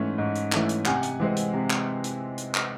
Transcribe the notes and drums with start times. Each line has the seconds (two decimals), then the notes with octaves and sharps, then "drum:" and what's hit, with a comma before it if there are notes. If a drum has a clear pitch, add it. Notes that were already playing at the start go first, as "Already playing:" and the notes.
Already playing: G#2 E3 A3 C#4
0.18 G#2
0.35 drum: hi-hat
0.52 E3 A3 C#4, drum: clap
0.69 drum: hi-hat
0.85 C3 F#5 G#5, drum: clap
1.03 drum: hi-hat
1.20 E3 G#3 C4
1.36 drum: hi-hat
1.54 C3
1.70 drum: clap
2.04 drum: hi-hat
2.38 drum: hi-hat
2.55 drum: clap